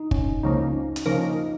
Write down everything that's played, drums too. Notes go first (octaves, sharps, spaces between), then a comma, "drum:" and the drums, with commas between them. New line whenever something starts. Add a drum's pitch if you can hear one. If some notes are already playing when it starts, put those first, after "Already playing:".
Already playing: D#4
C#4, drum: kick
C#2 C#3 F3 A#3 D#4
D#4
C#4
drum: hi-hat
C#3 F3 A#3 C#4 D#4 A#4
F4
D#4